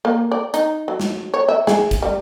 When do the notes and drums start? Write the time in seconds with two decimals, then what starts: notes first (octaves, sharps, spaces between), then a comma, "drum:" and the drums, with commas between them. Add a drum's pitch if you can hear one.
0.05 A#3
0.32 D5
0.54 D#4, drum: hi-hat
0.88 F#3
1.00 drum: snare
1.34 C#5
1.48 E5
1.67 G#4, drum: snare
1.91 drum: kick, hi-hat
2.02 G3